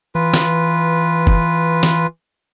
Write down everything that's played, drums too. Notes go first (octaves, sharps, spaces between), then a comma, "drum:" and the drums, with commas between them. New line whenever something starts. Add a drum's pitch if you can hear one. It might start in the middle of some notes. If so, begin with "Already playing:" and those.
E3 F4 B4
drum: snare
drum: kick
drum: snare